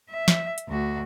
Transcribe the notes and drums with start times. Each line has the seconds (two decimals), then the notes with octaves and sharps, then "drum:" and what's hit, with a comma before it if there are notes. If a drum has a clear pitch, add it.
0.10 E5
0.28 drum: snare
0.58 drum: hi-hat
0.68 D2 F#4